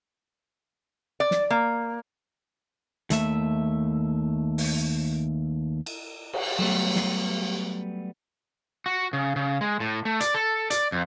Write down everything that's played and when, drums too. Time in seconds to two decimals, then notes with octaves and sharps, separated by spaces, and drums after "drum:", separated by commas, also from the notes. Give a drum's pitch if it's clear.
1.20 D5
1.31 drum: snare
1.50 A#3
3.10 D#2 A3 E5, drum: hi-hat
4.58 drum: open hi-hat
5.86 drum: cymbal
6.33 drum: cymbal
6.59 F#3 G3 A3 B3
6.96 drum: snare
8.86 F#4
9.13 C#3
9.36 C#3
9.61 G#3
9.80 A2
10.05 A3
10.20 D5, drum: hi-hat
10.34 A4
10.70 D5, drum: hi-hat
10.92 F2